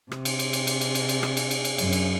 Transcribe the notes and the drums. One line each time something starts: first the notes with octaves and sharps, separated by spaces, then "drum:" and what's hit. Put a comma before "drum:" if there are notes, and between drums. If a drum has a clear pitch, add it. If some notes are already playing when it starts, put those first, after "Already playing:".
C3, drum: rim click
drum: cymbal
drum: cymbal
drum: cymbal
drum: cymbal
drum: cymbal
drum: cymbal
drum: cymbal
drum: rim click
drum: cymbal
drum: cymbal
drum: cymbal
F#2, drum: cymbal
drum: cymbal